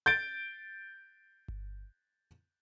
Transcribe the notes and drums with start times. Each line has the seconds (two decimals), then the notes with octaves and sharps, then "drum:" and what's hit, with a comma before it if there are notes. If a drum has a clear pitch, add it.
0.06 G6 A6 D7
1.48 drum: kick G1